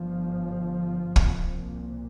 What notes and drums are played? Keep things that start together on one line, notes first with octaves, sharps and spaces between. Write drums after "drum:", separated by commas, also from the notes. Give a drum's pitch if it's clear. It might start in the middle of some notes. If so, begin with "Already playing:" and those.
Already playing: G1 G2 F3
C2 A#2, drum: kick